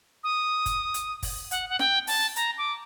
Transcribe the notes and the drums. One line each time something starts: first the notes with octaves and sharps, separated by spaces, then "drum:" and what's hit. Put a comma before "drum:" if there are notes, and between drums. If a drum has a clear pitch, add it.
D#6
drum: kick F#1, hi-hat
drum: hi-hat
drum: kick F#1, open hi-hat
F#5, drum: hi-hat
F#5
G5, drum: snare
A5, drum: open hi-hat
A#5, drum: hi-hat
D6